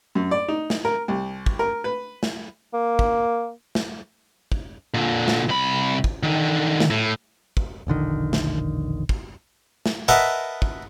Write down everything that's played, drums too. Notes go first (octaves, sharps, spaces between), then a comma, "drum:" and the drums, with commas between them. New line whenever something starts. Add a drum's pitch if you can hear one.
F#2
D5
D#4
drum: snare
A#4
C2
drum: kick
A#4
B4
drum: snare
A#3
drum: kick
drum: snare
drum: kick
A#2 D3
drum: snare
C2 B5
drum: kick
D3 D#3
drum: snare
A2
drum: kick
E1 A#1 D3 D#3
drum: snare
drum: kick
drum: snare
A#4 B4 D#5 E5 F#5 A5
drum: kick